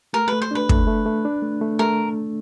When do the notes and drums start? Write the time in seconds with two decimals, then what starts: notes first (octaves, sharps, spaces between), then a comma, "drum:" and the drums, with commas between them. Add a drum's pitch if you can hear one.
0.13 A3 A#4
0.28 A3 B4
0.42 C5
0.51 D4 B4
0.69 A3, drum: kick
0.87 A3
1.06 A3
1.25 D4
1.42 A3
1.61 A3
1.79 A3 A#4